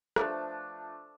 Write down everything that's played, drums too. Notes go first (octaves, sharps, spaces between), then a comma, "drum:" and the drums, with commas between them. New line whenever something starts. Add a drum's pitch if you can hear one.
F3 A3 D4, drum: rim click